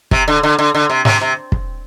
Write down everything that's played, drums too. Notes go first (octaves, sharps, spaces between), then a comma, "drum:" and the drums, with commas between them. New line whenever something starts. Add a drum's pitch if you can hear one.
C3, drum: kick
D3
D3
D3
D3
C3
C3, drum: snare
C3
drum: kick